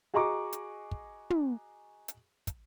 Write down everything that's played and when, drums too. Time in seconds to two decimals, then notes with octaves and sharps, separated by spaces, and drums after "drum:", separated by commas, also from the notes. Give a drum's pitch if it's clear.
0.14 F#4 G#4 D#5 A#5 C#6 D6
0.53 drum: hi-hat
0.91 drum: kick
1.30 drum: tom
2.08 drum: hi-hat
2.47 drum: kick, hi-hat